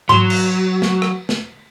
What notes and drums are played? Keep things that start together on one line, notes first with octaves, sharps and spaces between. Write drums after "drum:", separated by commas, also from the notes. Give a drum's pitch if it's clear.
F#3 C6, drum: tom G#2
drum: cymbal
drum: snare
drum: rim click
drum: snare